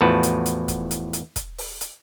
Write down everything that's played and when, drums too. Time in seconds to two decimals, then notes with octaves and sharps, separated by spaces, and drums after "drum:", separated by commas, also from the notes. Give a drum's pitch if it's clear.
0.01 E2 A2 F3 F#4 B4 A5
0.23 drum: hi-hat
0.46 drum: hi-hat
0.68 drum: kick, hi-hat
0.91 drum: hi-hat
1.13 drum: hi-hat
1.36 drum: kick, hi-hat
1.58 drum: open hi-hat
1.81 drum: hi-hat